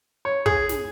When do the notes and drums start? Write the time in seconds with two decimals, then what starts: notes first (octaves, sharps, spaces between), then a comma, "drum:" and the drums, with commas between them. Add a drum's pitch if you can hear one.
0.25 C#5
0.46 G#4, drum: kick
0.69 drum: snare